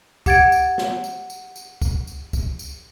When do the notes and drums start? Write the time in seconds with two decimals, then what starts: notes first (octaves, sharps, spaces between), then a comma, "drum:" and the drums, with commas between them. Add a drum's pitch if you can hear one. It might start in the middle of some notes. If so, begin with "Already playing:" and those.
0.26 G4 F#5 G#6 A6 D7, drum: kick, tambourine
0.52 drum: tambourine
0.78 drum: snare
1.04 drum: tambourine
1.30 drum: tambourine
1.56 drum: tambourine
1.82 drum: kick, tambourine
2.07 drum: tambourine
2.33 drum: kick, tambourine
2.59 drum: tambourine